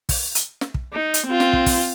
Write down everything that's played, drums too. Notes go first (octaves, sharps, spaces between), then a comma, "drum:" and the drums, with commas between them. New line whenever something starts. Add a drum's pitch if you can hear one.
drum: kick, open hi-hat
drum: hi-hat
drum: snare
drum: kick
D#4
drum: hi-hat
C4 F4
drum: snare
drum: kick
drum: kick, open hi-hat